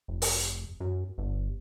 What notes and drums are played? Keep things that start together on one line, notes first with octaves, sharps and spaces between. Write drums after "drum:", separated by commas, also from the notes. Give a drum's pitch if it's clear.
F1
drum: open hi-hat
F#2
G1